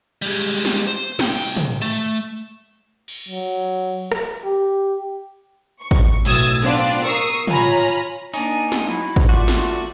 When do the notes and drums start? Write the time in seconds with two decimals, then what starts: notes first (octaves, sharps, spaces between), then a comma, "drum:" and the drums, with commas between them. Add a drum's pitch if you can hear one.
0.22 G3 G#3
0.65 drum: snare
0.87 C5
1.19 C2 G5, drum: snare
1.57 drum: tom
1.82 A3
3.08 drum: cymbal
3.28 F#3
4.12 drum: rim click
4.45 G4
5.81 C#6
5.91 drum: kick
6.25 B1 A2 D#6 E6 G#6 A6, drum: open hi-hat
6.62 B3 C4 D4 F4 C5 D5, drum: hi-hat
7.05 A#4 C#6 D#6 E6 C7
7.47 F4 C#5 G#5 A#5 B5, drum: tom
8.34 A#3 D4 D#4 G#5, drum: open hi-hat
8.72 drum: snare
8.89 F#3 E4
9.16 drum: kick
9.29 A3 F4 F#4 D5 F#5 C#6
9.48 drum: snare